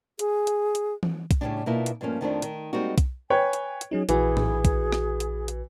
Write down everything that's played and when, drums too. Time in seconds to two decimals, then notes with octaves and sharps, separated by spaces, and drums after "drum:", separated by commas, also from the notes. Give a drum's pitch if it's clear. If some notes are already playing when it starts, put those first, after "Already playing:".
0.19 G#4, drum: hi-hat
0.47 drum: hi-hat
0.75 drum: hi-hat
1.03 drum: tom E3
1.31 drum: kick, hi-hat
1.41 A2 C#3 F3 G3 G#3 D4
1.66 B2 A#3 E4 F4
1.86 drum: hi-hat
2.01 G2 F3 A3 A#3 C#4
2.21 F2 D#3 F3 A3 B3 D4
2.42 D#3, drum: hi-hat
2.73 G3 G#3 A#3 C4 D#4 F#4
2.98 drum: kick, hi-hat
3.30 B4 C#5 G5 G#5
3.53 drum: hi-hat
3.81 drum: hi-hat
3.91 F#3 C#4 D#4 G#4
4.09 A#1 E3 F#4 G#4 B4, drum: hi-hat
4.37 drum: tom A2
4.65 drum: kick, hi-hat
4.92 drum: rim click
5.20 drum: hi-hat
5.48 drum: hi-hat